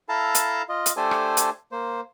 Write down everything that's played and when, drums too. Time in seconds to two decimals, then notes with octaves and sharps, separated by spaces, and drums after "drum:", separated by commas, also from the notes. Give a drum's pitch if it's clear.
0.09 E4 A4 F5 A5 A#5
0.35 drum: hi-hat
0.69 F4 D#5
0.86 drum: hi-hat
0.97 A3 D4 G4 A4 C5 G#5
1.11 drum: rim click
1.37 drum: hi-hat
1.72 A#3 C5